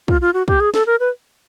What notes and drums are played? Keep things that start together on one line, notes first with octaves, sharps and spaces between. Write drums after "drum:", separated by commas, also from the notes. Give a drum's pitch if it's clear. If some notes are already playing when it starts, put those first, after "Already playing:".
F4, drum: kick
F4
F#4
G4, drum: kick
G#4
A4, drum: snare
A#4
B4